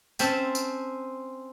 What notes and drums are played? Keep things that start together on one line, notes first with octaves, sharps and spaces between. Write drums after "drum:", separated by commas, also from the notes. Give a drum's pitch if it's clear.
C4 C#4 C5 E5 A5, drum: tambourine
drum: tambourine